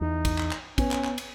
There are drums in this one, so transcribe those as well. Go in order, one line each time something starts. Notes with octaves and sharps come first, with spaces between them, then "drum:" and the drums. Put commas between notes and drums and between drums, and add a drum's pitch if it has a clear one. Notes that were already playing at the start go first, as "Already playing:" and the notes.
E2 D#4
drum: kick, cymbal
drum: clap
drum: clap
B3 C#4, drum: kick, cymbal
drum: clap
drum: clap
drum: cymbal